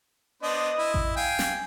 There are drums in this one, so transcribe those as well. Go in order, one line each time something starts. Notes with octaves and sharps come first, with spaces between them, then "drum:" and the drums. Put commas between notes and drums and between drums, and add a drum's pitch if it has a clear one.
B3 D4 C5 D#5 D#6
E4
drum: kick A1
F5 G5 G#5
drum: snare